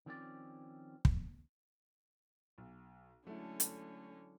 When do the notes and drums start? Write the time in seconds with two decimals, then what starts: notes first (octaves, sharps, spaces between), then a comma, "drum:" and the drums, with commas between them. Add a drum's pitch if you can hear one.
0.06 D#3 F3 C4 C#4 A4 D5
1.05 drum: kick
2.58 B1
3.27 D3 F#3 G#3 A3 C#4 E4
3.60 drum: hi-hat